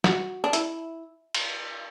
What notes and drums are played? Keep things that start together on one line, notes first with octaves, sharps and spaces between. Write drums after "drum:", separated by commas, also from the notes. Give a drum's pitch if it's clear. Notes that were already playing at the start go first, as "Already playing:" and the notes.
F#4, drum: snare
D4
E4, drum: hi-hat
drum: cymbal